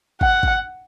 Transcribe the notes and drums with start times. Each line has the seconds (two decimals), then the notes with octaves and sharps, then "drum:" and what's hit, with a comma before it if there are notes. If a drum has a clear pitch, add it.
0.21 F#5, drum: kick
0.43 drum: kick